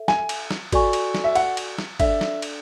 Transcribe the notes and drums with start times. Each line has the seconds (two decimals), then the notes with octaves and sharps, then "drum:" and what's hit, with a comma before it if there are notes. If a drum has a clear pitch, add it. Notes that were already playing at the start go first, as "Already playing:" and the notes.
Already playing: A4 E5
0.08 G#5, drum: snare
0.29 drum: cymbal
0.51 drum: snare
0.72 F#4 A4 D5 G#5 C#6, drum: kick, cymbal
0.93 drum: cymbal
1.14 drum: snare
1.24 E5
1.35 F#5, drum: cymbal
1.57 drum: cymbal
1.78 drum: snare
2.00 D4 A4 D5 E5, drum: kick, cymbal
2.21 drum: snare
2.42 drum: cymbal